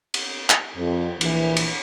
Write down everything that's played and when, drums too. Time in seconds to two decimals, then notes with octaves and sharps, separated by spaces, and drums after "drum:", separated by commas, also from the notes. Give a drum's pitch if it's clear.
0.14 drum: cymbal
0.50 drum: clap
0.76 F2
1.21 A#1 E3, drum: cymbal
1.57 drum: cymbal